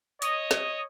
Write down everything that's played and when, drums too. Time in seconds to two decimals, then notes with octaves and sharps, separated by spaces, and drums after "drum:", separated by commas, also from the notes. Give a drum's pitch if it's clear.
0.22 C#5 D#5, drum: hi-hat
0.51 drum: snare